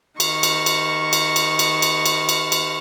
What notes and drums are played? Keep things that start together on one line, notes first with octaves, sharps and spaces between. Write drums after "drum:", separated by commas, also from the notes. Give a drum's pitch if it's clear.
D#3 C#6, drum: cymbal
drum: cymbal
drum: cymbal
drum: cymbal
drum: cymbal
drum: cymbal
drum: cymbal
drum: cymbal
drum: cymbal
drum: cymbal